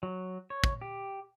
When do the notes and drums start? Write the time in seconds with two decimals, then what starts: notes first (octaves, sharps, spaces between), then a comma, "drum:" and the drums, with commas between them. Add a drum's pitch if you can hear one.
0.03 F#3
0.50 C#5
0.64 drum: kick
0.81 G4